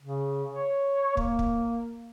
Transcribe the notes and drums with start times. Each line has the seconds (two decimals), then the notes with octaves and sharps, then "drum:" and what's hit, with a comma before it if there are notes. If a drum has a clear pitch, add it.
0.02 C#3
0.51 C#5
1.17 A#3, drum: kick
1.39 drum: kick